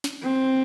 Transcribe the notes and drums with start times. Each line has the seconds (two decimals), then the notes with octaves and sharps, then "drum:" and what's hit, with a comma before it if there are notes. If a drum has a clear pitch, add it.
0.04 drum: snare
0.23 C4